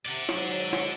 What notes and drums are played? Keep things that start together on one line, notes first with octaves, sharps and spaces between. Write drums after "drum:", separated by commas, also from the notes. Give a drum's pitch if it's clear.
C3 D5 F#5
G#2 F#3, drum: snare
drum: cymbal
drum: snare